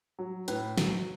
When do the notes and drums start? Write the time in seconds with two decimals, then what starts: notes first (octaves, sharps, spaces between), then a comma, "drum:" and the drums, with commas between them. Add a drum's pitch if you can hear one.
0.19 F#3
0.48 A2 B4, drum: hi-hat
0.78 F#3, drum: snare